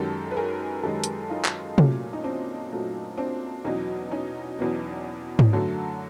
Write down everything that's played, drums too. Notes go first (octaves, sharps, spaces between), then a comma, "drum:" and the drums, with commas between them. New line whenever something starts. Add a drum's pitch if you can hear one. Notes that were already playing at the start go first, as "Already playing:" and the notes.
Already playing: F#2 D#3 G#3 G4 A4
B4
G#4 A#4
F#2 D#3 G#3 G4 A4
drum: hi-hat
D#4 F4
drum: clap
A#2 F#3 A3 C#4, drum: tom C3
D#4
C4 D4
A#2 F#3 A3
C4 D4
E2 B2 F#3 C#4 D#4
C#4 D#4
E2 B2 F#3
drum: tom G#2
F#2 D3 F#3 A3